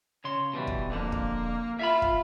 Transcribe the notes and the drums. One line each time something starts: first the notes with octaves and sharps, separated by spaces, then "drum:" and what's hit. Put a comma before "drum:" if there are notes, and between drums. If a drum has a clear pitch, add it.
C#3 C#5 C6
B2 E3 G3
drum: kick
F2 D3 A#3
drum: kick
F4 E5 F5 B5
drum: kick